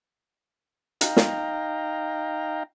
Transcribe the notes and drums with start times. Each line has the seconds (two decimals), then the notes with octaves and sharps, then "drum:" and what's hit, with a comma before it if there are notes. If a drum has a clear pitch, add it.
1.01 D#4 F5 G5 A#5, drum: hi-hat
1.17 drum: snare